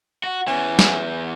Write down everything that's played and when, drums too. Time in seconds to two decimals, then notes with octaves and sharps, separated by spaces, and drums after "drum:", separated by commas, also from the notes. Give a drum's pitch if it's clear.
0.24 F#4
0.47 E2 E3 C#4
0.79 drum: snare